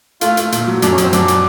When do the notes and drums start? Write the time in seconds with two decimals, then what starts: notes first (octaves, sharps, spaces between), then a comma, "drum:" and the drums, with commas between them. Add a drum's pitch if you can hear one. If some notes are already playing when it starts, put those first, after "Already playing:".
0.21 A3 F4, drum: hi-hat
0.37 A3, drum: hi-hat
0.52 A#2, drum: hi-hat
0.68 F#3
0.82 F#2 D4, drum: hi-hat
0.92 C#4
0.98 F#2, drum: hi-hat
1.03 C4
1.13 F#2 D4, drum: hi-hat
1.28 drum: hi-hat